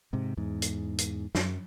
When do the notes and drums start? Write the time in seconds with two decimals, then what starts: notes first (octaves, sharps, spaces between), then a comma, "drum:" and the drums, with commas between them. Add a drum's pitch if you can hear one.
0.13 G#2 C3
0.37 E2 G#2
0.62 drum: hi-hat
0.98 drum: hi-hat
1.35 F#2, drum: snare